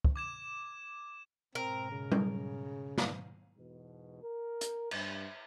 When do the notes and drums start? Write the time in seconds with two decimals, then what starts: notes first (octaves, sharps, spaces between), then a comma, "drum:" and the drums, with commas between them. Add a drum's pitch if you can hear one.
0.05 drum: kick
0.16 D6 G#6 E7
1.55 G#2 B2 C4 A#4
1.91 C#3
2.12 drum: tom G3
2.98 drum: snare
3.57 E2 G#2 B2
4.23 A#4
4.61 drum: hi-hat
4.91 G2, drum: cymbal